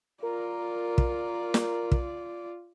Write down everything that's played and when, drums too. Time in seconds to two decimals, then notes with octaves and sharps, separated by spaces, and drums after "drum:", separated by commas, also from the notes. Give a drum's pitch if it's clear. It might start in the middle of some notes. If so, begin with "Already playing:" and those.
0.23 F4 A#4 D5
0.98 drum: kick
1.54 drum: snare
1.92 drum: kick